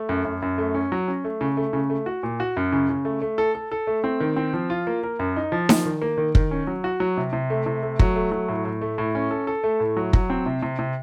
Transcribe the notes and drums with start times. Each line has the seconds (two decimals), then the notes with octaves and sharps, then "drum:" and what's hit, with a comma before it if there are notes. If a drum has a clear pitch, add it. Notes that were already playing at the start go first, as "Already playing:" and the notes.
Already playing: A3
0.09 F#2
0.25 F#2
0.42 F#2
0.58 A3
0.74 C#4
0.92 F#3
1.08 C#4
1.24 A3
1.41 C#3
1.57 A3
1.73 C#3
1.90 A3
2.06 F#4
2.23 A#2
2.40 F#4
2.57 F#2
2.72 C#3
2.89 C#3
3.05 A3
3.21 A3
3.38 A4
3.55 A4
3.72 A4
3.87 A3
4.04 C4
4.20 D#3
4.36 C4
4.53 F3
4.70 F4
4.87 A#3
5.03 A#4
5.19 F#2
5.36 D#4
5.52 F3
5.69 F3, drum: snare D#4
5.85 D#3
6.02 A#3
6.18 D#3
6.35 D#3, drum: kick
6.51 C#4
6.67 F#3
6.84 F#4
7.00 F#3
7.17 C3
7.33 C3
7.50 A3
7.66 C3
7.83 A3
7.99 F#3, drum: kick
8.16 A3
8.32 F#3
8.49 A2
8.65 A2
8.82 A3
8.98 A2
9.15 C#4
9.31 A4
9.47 A4
9.64 A3
9.80 A2
9.97 F#3
10.13 F#3, drum: kick
10.30 C4
10.46 C3
10.62 C3
10.79 C3